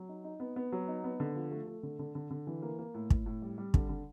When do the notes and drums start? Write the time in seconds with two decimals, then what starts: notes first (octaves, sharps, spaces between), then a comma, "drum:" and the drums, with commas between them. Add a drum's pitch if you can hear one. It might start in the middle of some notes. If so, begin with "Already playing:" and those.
Already playing: F#3
0.09 D#4
0.24 D#4
0.40 B3
0.56 B3
0.72 F#3
0.88 D#4
1.04 B3
1.20 D3
1.36 F3
1.51 A3
1.67 A3
1.83 D3
1.99 D3
2.15 D3
2.30 D3
2.47 E3
2.62 A#3
2.79 A#3
2.94 A2
3.10 A2, drum: kick
3.26 A2
3.42 G3
3.58 G3
3.74 D3, drum: kick
3.89 D3